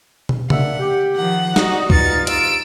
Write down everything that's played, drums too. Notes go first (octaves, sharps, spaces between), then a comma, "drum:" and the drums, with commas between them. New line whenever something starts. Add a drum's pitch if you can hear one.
drum: tom
A#3 D4 E5 F#5, drum: tom C#3
G4
D#3 F3 F#5
D#4 F#4 D5 D#6, drum: snare
G2 D#4 F4 A6 C#7, drum: kick C#2
E6 D7, drum: hi-hat